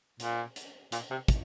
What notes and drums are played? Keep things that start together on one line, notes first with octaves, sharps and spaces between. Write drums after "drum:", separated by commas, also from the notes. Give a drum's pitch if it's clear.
A#2, drum: hi-hat
drum: hi-hat
A#2, drum: hi-hat
C3
drum: kick, hi-hat